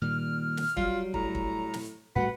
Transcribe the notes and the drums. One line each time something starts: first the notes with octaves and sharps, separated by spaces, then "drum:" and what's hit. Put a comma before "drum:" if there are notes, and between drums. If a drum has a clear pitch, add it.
A#2 D#3 G3 F6
drum: snare
F#3 G3 F4, drum: kick
A2 A#5, drum: kick
drum: kick
drum: snare
A2 G3 A3 F#4 B4 F#5